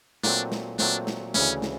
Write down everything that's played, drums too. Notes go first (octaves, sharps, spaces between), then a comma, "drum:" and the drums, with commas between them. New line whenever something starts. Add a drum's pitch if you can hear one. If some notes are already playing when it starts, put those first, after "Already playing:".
A#2 F#3 A3 C4 D4, drum: snare
drum: snare
A#2 F#3 A3 C4 D4, drum: snare
drum: snare
D2 C#3 E3 C#4, drum: snare
drum: snare